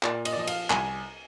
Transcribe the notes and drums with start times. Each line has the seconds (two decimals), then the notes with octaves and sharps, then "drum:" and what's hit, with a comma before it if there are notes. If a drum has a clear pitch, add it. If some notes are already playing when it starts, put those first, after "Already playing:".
0.03 A#2 D5, drum: clap
0.25 D#5, drum: cymbal
0.33 D5
0.36 F3 D#5
0.47 F5, drum: cymbal
0.70 C2 G#5, drum: clap